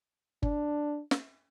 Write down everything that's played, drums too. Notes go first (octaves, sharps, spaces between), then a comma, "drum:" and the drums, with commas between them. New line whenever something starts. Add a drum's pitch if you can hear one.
D4, drum: kick G1
drum: snare